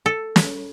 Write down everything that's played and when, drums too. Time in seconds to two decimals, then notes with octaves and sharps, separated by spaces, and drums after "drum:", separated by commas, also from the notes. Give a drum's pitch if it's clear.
0.06 A4
0.36 drum: snare